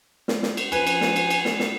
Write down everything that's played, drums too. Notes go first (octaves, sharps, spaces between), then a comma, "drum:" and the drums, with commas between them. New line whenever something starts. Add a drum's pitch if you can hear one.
drum: snare
drum: snare
drum: cymbal
F3 B4 G#5, drum: cymbal
drum: cymbal
drum: snare
drum: cymbal
drum: cymbal
drum: snare
drum: snare